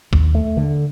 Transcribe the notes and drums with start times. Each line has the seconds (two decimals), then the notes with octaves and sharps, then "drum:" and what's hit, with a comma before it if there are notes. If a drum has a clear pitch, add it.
0.13 D#2, drum: kick
0.35 A3
0.57 D3